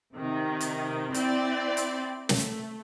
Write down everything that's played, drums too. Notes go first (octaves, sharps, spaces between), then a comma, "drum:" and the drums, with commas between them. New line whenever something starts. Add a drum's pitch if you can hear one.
C3 D#3
drum: hi-hat
C4 E4 D5, drum: hi-hat
drum: hi-hat
A3, drum: snare